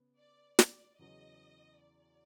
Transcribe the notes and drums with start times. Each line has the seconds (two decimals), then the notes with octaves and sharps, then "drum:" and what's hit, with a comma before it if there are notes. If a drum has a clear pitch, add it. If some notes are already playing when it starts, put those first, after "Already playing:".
Already playing: C#3 B3
0.18 D5
0.59 D5, drum: snare
0.99 E2 C#3 F#3 D#5
1.79 D5